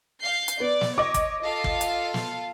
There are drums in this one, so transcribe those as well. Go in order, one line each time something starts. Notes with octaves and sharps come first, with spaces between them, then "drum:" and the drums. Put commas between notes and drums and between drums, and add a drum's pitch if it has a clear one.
F5 G6 C7
drum: hi-hat
B3 D5
drum: snare
C#5 D#5 D6
drum: kick, hi-hat
F4 A4 F5
drum: kick
drum: hi-hat
drum: snare